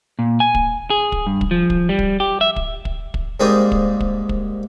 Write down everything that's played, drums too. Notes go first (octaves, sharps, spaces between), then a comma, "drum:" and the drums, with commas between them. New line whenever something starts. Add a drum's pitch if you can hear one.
A#2
G#5
drum: kick
G#4
drum: kick
G2
drum: kick
F3
drum: kick
G3
drum: kick
G4
E5
drum: kick
drum: kick
drum: kick
G#2 G3 A#3 C4 G#4 D#6
drum: kick
drum: kick
drum: kick